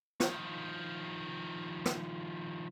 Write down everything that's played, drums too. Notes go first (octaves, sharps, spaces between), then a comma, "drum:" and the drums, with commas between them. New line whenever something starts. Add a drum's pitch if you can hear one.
D#3 F3, drum: snare
drum: snare